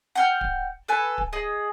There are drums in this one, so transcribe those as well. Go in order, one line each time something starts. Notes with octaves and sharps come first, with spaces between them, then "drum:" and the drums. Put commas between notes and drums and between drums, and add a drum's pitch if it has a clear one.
F#5 G5 F6
drum: kick D1
A4 B4 G#5
drum: kick D1
G#4 D#5